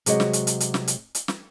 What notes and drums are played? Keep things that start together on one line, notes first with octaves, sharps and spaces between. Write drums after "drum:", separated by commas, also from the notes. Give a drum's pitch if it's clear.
C3 F#3 G#3 F#4 D#5, drum: hi-hat
drum: snare
drum: hi-hat
drum: hi-hat
drum: hi-hat
drum: snare
drum: hi-hat
drum: hi-hat
drum: snare